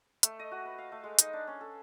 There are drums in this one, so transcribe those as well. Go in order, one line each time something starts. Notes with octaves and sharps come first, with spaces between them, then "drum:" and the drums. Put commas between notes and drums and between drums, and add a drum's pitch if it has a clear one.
A3, drum: hi-hat
D#5
F#4
B4
F5
A3
G#3
D#4, drum: hi-hat
D4
C#4
A4